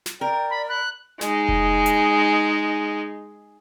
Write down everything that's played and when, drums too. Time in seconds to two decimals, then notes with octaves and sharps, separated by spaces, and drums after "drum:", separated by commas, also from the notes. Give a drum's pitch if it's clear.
0.06 drum: snare
0.21 A#4 D5 G5
0.50 B5
0.69 B5 F#6
1.21 G#3 D#4, drum: snare
1.49 drum: kick F1
1.86 drum: hi-hat